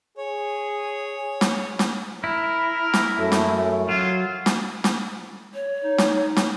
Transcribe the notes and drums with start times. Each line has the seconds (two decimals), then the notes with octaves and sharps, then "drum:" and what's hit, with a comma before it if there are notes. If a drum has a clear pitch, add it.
0.17 G#4 C#5
1.41 drum: snare
1.79 drum: snare
2.24 E4 A#4
2.94 drum: snare
3.19 F#2 A3
3.32 drum: snare
3.89 F#3 F4
4.46 drum: snare
4.84 drum: snare
5.54 C#5
5.84 D#4
5.98 drum: snare
6.36 drum: snare